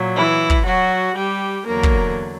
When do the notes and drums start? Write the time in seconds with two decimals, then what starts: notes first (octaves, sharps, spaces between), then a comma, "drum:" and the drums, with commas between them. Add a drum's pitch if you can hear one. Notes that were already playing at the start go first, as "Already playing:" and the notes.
Already playing: A#2 F#3
0.16 E3 E4
0.50 drum: kick
0.66 F#3 F#4
1.16 G3 G4
1.66 E2 D3 F#3 A#3 A#4
1.83 drum: kick